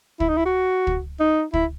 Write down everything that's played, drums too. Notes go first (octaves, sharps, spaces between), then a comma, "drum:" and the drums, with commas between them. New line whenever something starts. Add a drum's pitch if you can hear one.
E4, drum: kick
D#4
E4
F#4
drum: kick
D#4
E4, drum: kick